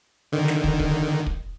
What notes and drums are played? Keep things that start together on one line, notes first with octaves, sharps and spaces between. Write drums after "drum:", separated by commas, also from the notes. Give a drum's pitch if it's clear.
D3 D#3
drum: snare
drum: kick
drum: kick
drum: kick